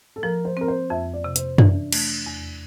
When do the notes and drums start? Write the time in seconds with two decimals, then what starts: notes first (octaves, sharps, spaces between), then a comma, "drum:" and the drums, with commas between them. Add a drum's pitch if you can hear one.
0.16 A4
0.23 F3 A#4
0.45 C5
0.57 C4 A#4
0.68 C5
0.90 F2 E5
1.14 D5
1.24 C3
1.36 C5, drum: hi-hat
1.58 E3 D4, drum: tom F#2
1.92 A3, drum: cymbal
2.26 E2